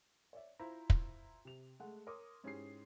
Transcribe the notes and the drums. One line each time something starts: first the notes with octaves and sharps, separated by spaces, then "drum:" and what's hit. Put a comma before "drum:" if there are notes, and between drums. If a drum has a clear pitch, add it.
C#5 D5 E5
E4 F4 C5 A#5
drum: kick
C3 F7
G#3 A3 F#5
A#4 C#5 C6 D6 D#6
G#2 C#4 E4 G4 G#4 C7